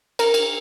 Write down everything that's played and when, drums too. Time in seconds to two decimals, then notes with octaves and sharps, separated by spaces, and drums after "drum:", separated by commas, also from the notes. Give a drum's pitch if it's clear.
0.19 A#4, drum: cymbal
0.34 drum: cymbal